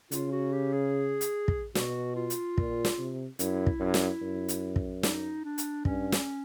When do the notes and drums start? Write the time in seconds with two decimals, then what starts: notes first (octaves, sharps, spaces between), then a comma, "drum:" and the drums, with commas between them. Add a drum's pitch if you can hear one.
0.11 C#3 F4, drum: hi-hat
0.32 F#4
0.53 G4
0.73 G#4
1.21 drum: hi-hat
1.48 drum: kick
1.75 B2 F#4, drum: snare
2.16 F4
2.30 drum: hi-hat
2.58 A#2, drum: kick
2.85 drum: snare
2.98 C3
3.39 F#2 E4, drum: hi-hat
3.67 drum: kick
3.80 F#2
3.94 drum: snare
4.22 F#2
4.48 drum: hi-hat
4.76 drum: kick
5.03 D#4, drum: snare
5.44 D4
5.58 drum: hi-hat
5.85 G2 C#4, drum: kick
6.12 drum: snare